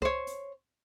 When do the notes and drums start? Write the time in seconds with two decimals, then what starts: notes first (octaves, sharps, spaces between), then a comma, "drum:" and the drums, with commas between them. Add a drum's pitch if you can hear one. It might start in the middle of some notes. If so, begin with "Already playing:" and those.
0.02 C5 C#5, drum: kick C#2
0.27 drum: hi-hat